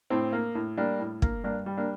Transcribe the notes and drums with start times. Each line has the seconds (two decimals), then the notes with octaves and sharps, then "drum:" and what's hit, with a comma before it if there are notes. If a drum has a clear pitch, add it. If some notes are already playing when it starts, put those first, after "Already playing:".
0.10 A2 C4
0.33 A#3
0.55 A2
0.77 G3 A#3 D4
1.00 A2
1.22 A#3, drum: kick
1.44 G2 A#3 D4
1.66 G3
1.77 A#3 D4